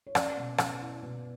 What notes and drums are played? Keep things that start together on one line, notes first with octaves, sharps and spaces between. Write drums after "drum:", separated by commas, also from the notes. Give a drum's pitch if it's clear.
C#5
C#4 D5, drum: rim click
B2
C#4, drum: rim click
E4
B2